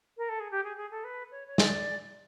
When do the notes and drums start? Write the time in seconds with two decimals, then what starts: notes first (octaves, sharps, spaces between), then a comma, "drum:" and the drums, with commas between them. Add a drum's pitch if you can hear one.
0.17 A#4
0.29 A4
0.39 G#4
0.51 G4
0.64 G#4
0.76 G#4
0.91 A4
1.04 B4
1.31 C#5
1.47 C#5
1.58 D5, drum: snare